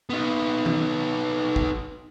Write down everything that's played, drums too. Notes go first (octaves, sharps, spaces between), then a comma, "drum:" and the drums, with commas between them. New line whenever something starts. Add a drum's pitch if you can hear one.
B3 D#4
drum: tom D#3
drum: kick